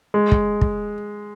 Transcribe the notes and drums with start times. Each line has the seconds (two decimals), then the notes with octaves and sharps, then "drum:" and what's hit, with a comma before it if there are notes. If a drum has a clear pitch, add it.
0.14 G#3
0.32 drum: kick
0.61 drum: kick